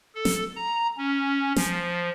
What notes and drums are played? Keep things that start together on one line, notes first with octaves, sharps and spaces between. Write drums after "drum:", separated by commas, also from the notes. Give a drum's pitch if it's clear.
A4
drum: snare
A#5
C#4
F3, drum: snare